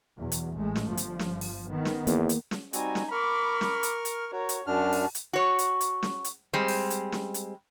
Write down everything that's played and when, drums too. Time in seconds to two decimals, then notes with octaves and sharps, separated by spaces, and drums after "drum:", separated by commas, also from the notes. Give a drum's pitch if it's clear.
0.17 E2 B2 F#3
0.32 drum: hi-hat
0.54 A1 G#3 A3
0.75 drum: snare
0.88 G1 F3
0.97 drum: hi-hat
1.19 drum: snare
1.41 drum: open hi-hat
1.68 D#3 B3
1.85 drum: snare
2.07 E2 A#3, drum: hi-hat
2.29 drum: hi-hat
2.51 drum: snare
2.73 G3 C4 D#4 F#4 G#5, drum: hi-hat
2.95 drum: snare
3.11 A#4 B5 C#6 D6 F6
3.61 drum: snare
3.83 drum: hi-hat
4.05 drum: hi-hat
4.32 F#4 A#4 C#5
4.49 drum: hi-hat
4.67 F#2 D4 F#4 A5 F6
4.93 drum: open hi-hat
5.15 drum: hi-hat
5.33 F#4 C#5
5.59 drum: hi-hat
5.81 drum: hi-hat
6.03 drum: snare
6.24 drum: hi-hat
6.53 G3 G#3 C4 C5
6.68 drum: open hi-hat
6.90 drum: hi-hat
7.12 drum: snare
7.34 drum: hi-hat